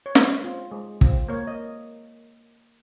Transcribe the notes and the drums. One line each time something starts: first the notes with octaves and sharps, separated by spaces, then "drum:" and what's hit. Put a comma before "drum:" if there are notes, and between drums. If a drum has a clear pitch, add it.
C#5
G#3 C5, drum: snare
C4 F4
G#3
C4 F4, drum: kick
A#3 C#5
D#5